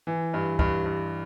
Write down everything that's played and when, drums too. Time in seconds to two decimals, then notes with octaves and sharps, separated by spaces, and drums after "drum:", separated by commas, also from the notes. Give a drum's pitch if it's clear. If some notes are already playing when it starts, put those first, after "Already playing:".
0.07 E3
0.34 G2
0.59 G2, drum: kick
0.86 G2